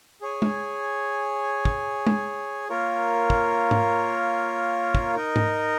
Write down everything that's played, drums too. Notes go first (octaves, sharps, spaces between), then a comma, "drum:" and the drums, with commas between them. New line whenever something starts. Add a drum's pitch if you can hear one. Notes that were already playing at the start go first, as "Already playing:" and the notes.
G#4 C#5 G#5
drum: tom G#3
drum: kick
drum: tom G#3
A#3 F4 A#4 C#5
drum: kick
drum: tom G#2
drum: kick
D#4 A#4 D#5
drum: tom G#2